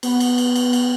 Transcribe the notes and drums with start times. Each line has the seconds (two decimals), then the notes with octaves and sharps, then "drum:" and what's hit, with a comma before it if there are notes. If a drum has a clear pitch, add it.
0.03 B3, drum: cymbal
0.20 drum: cymbal
0.38 drum: cymbal
0.56 drum: cymbal
0.73 drum: cymbal